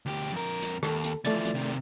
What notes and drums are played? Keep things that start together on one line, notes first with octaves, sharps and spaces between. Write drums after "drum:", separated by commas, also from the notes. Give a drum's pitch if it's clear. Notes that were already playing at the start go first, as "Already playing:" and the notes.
D2 G4
F2 A#4
drum: hi-hat
D#2 A4, drum: rim click
drum: hi-hat
E3 F3 A3 D5 A6, drum: hi-hat
drum: hi-hat
C3 D#3